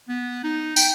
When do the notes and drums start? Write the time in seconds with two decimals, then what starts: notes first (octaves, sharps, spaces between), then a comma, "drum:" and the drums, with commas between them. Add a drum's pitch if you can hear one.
0.09 B3
0.44 D#4
0.76 G5, drum: tambourine